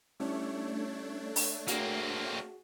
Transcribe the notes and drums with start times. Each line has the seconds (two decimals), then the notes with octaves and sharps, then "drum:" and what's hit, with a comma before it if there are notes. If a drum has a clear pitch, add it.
0.20 G3 A3 C#4 D4 E4 C#5
1.36 drum: open hi-hat
1.68 A#3 C4 F#4 G#4, drum: hi-hat